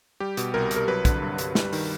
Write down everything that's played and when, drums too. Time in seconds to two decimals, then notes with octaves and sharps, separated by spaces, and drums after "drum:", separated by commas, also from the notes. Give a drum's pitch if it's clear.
0.20 G3 G4
0.37 B2, drum: hi-hat
0.54 C2 A#4
0.71 C2, drum: hi-hat
0.76 A#4
0.88 F#3 B4
1.05 D3, drum: kick, hi-hat
1.22 G2
1.38 G2, drum: hi-hat
1.55 G3, drum: snare
1.73 D#3, drum: open hi-hat